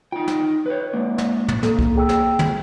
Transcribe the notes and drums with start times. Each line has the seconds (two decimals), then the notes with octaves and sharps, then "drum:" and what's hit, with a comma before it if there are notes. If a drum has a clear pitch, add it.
0.12 D#4 F4 G5
0.28 drum: snare
0.66 B4 C#5
0.93 G#3 A#3 D4
1.18 drum: snare
1.48 drum: tom
1.63 A#3 A4, drum: snare
1.79 drum: kick C2
1.96 G#4 G5 E6
2.09 drum: snare
2.39 drum: tom